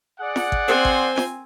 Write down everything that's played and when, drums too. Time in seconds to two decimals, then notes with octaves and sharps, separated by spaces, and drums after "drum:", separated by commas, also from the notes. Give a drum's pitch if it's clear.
0.19 G#4 D5 F#5
0.36 drum: snare
0.52 drum: kick G#1
0.68 C4 C5 G#5
0.85 drum: kick G#1
1.18 drum: snare